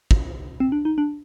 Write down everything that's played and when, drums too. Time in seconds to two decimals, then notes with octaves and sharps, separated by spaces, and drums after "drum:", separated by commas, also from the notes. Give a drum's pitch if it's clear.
0.11 drum: kick
0.60 C4
0.72 D4
0.85 D#4
0.98 D4